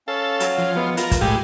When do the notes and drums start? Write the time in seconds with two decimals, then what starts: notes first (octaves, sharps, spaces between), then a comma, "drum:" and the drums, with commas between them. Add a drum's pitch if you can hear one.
0.08 C#4 A4 F5
0.40 F#3, drum: hi-hat
0.58 F3
0.76 G#3 B3 E4
0.97 F4 A#4 B5, drum: hi-hat
1.11 drum: kick, hi-hat
1.21 A2 G#3 G4